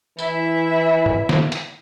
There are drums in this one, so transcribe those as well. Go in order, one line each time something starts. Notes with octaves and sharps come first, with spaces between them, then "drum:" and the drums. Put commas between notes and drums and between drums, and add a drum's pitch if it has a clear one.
E3 E4 E5, drum: tambourine
drum: tom
drum: snare
drum: hi-hat